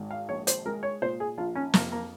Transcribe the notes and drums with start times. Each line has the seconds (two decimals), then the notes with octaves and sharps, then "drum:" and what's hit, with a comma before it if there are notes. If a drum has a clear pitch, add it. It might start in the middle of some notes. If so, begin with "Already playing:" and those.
Already playing: G#1 G#2
0.11 F5
0.29 A#1 C#5
0.47 C5, drum: hi-hat
0.65 G#3 A#4
0.83 C#5
1.02 A#2 C5
1.20 G#4
1.38 A#1 F4
1.55 C#4
1.74 F2 A#3, drum: snare
1.92 A#3